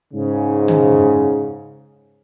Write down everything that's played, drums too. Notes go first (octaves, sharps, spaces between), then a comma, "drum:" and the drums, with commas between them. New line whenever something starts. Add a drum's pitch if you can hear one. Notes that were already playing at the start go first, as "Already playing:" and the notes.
G#2 C#3
drum: tom